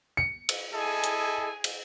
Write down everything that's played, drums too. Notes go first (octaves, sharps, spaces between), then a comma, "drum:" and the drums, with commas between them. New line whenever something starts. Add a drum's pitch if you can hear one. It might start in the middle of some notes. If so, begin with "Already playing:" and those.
C#7
drum: cymbal
E4 G#4 A4 D#5 G#5
drum: hi-hat
drum: cymbal